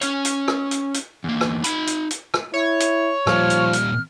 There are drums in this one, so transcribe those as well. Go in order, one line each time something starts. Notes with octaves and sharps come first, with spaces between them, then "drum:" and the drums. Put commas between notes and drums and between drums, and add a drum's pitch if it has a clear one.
C#4 C#5, drum: hi-hat
drum: hi-hat
drum: rim click
drum: hi-hat
drum: hi-hat
E2 A#3
drum: rim click
D#4 B5, drum: hi-hat
drum: hi-hat
drum: hi-hat
drum: rim click
E4 C#5
drum: hi-hat
A#2 F3 G3 F6, drum: rim click
drum: hi-hat
drum: hi-hat